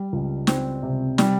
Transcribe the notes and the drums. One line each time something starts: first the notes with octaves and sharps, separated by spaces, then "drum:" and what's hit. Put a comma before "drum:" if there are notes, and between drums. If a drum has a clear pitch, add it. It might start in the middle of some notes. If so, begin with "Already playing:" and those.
Already playing: G3
C#2
C4, drum: snare
C3
G3, drum: snare